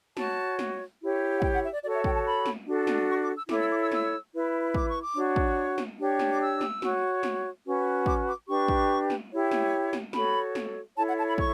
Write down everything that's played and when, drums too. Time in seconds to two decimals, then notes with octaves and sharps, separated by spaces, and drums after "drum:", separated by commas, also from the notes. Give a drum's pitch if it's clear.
0.17 F#4 C#5 A5, drum: snare
0.59 drum: snare
1.00 E4 G4 C#5
1.36 F#5
1.42 G5, drum: kick
1.52 F#5
1.63 E5
1.73 D5
1.83 F#4 A4 C#5 D5
1.94 E5
2.04 G5, drum: kick
2.14 A5
2.25 B5
2.46 drum: snare
2.66 D4 F#4 A4
2.87 drum: snare
3.09 C#6
3.21 D6
3.36 E6
3.49 E4 A4 C#5 D6, drum: snare
3.59 E6
3.70 D6
3.81 E6
3.92 E6, drum: snare
4.33 E4 B4
4.74 D6, drum: kick
4.87 C#6
5.01 D6
5.15 D4 F#4 C#5
5.36 drum: kick
5.78 drum: snare
5.98 D4 G4 C#5
6.19 drum: snare
6.29 D6
6.40 E6
6.61 drum: snare
6.82 F#4 C#5, drum: snare
7.23 drum: snare
7.64 C#4 F#4 B4
8.06 D6, drum: kick
8.27 D6
8.48 D4 G4 B4 C#6
8.68 drum: kick
9.10 drum: snare
9.31 E4 G4 C#5
9.51 drum: snare
9.93 drum: snare
10.13 F#4 A4 C#5 B5, drum: snare
10.55 drum: snare
10.96 E4 A4 C#5 A5
11.08 F#5
11.18 A5
11.27 B5
11.38 C#6, drum: kick